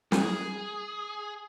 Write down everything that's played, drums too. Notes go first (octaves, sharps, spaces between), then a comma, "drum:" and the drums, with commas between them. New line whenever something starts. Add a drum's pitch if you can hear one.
G#4, drum: snare